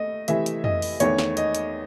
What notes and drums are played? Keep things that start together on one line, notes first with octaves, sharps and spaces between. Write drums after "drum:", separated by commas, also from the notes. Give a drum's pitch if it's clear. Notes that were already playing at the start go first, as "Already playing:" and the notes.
Already playing: A3 D#5
C3 E3 A3 E5, drum: hi-hat
drum: hi-hat
D#5, drum: tom F2
drum: open hi-hat
E2 D#3 A3 C#5, drum: hi-hat
drum: snare
D#5, drum: hi-hat
drum: hi-hat